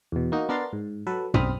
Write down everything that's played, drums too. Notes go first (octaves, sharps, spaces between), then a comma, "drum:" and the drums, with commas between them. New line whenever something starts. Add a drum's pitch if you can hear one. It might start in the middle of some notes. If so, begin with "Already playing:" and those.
E2 B2
A#3 D#4 F#4
B3 D4 A#4 A#5 C6 A6
G#2
F#3 A4 B4
B1 C4 B5 D#6 F6, drum: tom